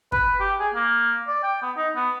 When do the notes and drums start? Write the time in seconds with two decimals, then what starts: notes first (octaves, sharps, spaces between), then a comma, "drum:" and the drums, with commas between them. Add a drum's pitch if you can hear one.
0.12 B4, drum: kick
0.40 G4
0.59 G#4
0.74 A#3
1.27 D5
1.43 G5
1.62 B3
1.76 D#4
1.95 B3